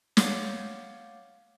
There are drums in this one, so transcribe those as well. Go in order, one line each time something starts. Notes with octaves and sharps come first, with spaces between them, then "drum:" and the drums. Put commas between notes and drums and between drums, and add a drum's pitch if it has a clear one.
C#5 F5 F#5 D6 G6 A6, drum: snare